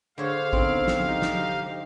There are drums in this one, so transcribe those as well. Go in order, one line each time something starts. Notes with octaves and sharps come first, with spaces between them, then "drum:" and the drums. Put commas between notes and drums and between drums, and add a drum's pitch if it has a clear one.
D3 G#4 C5 C#5 F5
B3 C4 D#4, drum: kick A#1
drum: snare
D#4 G4 C5
drum: snare